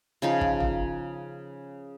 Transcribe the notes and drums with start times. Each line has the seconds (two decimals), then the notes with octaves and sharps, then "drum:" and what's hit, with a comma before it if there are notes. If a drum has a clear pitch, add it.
0.22 C#3 F3 D#4
0.41 drum: kick
0.60 drum: tom